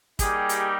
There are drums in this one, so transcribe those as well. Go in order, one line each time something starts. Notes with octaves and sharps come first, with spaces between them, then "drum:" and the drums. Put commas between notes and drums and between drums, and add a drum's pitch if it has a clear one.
G3 A#3 D#4 G4 G#4, drum: kick, hi-hat
drum: hi-hat